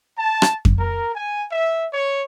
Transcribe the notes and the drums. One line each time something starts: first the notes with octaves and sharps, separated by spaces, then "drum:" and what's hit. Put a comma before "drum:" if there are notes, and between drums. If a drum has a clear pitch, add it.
A5
drum: rim click
drum: kick F2
A#4
G#5
E5
C#5